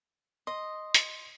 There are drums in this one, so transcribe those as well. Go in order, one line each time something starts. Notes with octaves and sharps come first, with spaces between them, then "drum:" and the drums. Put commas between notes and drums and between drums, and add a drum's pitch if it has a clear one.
D#5 C6
drum: hi-hat